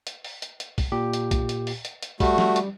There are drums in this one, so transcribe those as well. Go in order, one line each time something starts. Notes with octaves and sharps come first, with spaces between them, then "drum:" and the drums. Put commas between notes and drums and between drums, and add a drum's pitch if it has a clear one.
drum: hi-hat
drum: open hi-hat
drum: hi-hat
drum: hi-hat
drum: kick, open hi-hat
A#2 G4
drum: hi-hat
drum: kick, hi-hat
drum: hi-hat
drum: open hi-hat
drum: hi-hat
drum: hi-hat
G3 A3 F#4, drum: kick, open hi-hat
drum: snare
drum: hi-hat